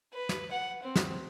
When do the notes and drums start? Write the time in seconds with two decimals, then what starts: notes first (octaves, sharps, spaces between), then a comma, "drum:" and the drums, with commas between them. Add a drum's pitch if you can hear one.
0.13 B4
0.29 drum: snare
0.51 F#5
0.83 C4
0.96 drum: snare